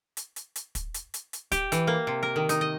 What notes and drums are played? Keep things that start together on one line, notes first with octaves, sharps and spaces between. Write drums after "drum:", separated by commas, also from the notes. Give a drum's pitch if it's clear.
drum: hi-hat
drum: hi-hat
drum: hi-hat
drum: kick, hi-hat
drum: hi-hat
drum: hi-hat
drum: hi-hat
G4, drum: kick, hi-hat
E3, drum: hi-hat
A#3
C3
A#4
D#3
D#4, drum: hi-hat
D#5